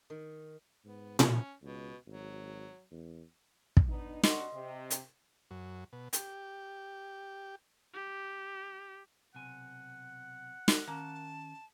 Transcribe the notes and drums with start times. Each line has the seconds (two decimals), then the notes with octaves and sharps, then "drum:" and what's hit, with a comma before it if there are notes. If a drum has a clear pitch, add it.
0.10 D#3
0.85 G#2 B3
1.19 C#4, drum: tom A#2
1.62 C#2 B2
2.07 G#1 F#3
2.91 E2
3.77 drum: kick
3.89 B3 D4 D#4
4.23 C3 D4 F#4 D#5 C6, drum: snare
4.54 C3
4.90 drum: hi-hat
5.51 F#2
5.93 B2
6.13 G4, drum: hi-hat
7.94 G4
9.35 B1 C3 F#5 G#5
10.68 drum: snare
10.87 D#3 A#3 C#4 A5